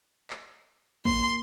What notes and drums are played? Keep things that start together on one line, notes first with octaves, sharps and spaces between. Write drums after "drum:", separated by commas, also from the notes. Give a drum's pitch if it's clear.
drum: clap
A#3 C6, drum: kick